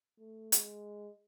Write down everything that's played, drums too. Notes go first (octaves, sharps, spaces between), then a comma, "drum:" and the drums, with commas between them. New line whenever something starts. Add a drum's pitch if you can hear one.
A3
G#3, drum: hi-hat